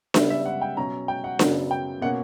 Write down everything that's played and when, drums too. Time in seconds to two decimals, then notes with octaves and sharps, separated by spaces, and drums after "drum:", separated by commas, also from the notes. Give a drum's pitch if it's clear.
0.14 C#3 G3 B3 D4 E5, drum: snare D4
0.30 E5
0.46 F#5
0.61 G5
0.77 B2 F#3 C#4 A#5
1.08 G5
1.24 F#5
1.39 F#2 C#3 F#3 B3, drum: snare D4
1.71 G5
2.01 B2 A#3 C#4 F#5